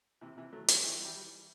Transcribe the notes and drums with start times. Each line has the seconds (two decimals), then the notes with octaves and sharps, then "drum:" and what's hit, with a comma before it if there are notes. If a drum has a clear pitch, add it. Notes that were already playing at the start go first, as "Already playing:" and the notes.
0.21 C3 E3
0.37 C3 E3
0.53 F#3 A3
0.68 E3 G3, drum: hi-hat
0.84 E3 G3
0.94 E3 G3
1.05 E3 G3